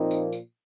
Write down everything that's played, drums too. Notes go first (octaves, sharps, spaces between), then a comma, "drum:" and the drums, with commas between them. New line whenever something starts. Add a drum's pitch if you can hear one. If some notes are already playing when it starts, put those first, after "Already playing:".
Already playing: A#2 F3 A#3 C4 D#4
drum: tambourine
drum: tambourine